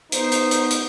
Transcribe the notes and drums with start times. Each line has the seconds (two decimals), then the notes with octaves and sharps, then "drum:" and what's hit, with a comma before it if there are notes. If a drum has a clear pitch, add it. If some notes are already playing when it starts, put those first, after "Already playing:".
0.12 B3 D#4 C5, drum: hi-hat
0.32 drum: hi-hat
0.51 drum: hi-hat
0.71 drum: hi-hat